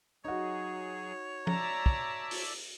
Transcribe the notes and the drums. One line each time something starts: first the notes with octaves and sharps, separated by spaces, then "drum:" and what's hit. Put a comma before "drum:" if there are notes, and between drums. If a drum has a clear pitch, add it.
F#3 D#4 F#4 G#4 C#5
D5 E5 A5 A#5, drum: tom F3
drum: kick
drum: open hi-hat